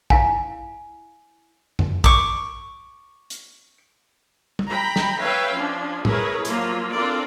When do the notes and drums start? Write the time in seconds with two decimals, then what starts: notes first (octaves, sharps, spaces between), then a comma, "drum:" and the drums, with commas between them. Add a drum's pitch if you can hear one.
0.10 E4 F5 G#5, drum: kick
1.79 drum: tom F2
2.04 C#6 D6, drum: kick
3.30 drum: hi-hat
4.59 drum: tom
4.69 G5 A#5 B5
4.96 drum: snare
5.19 B4 C#5 E5 F5 G5
5.53 F3 C#4 D4
6.05 E4 G#4 A#4 B4 C#5, drum: tom
6.45 F3 F#3 A#3 F4, drum: hi-hat
6.93 C4 D4 F4 A4 A#4 D5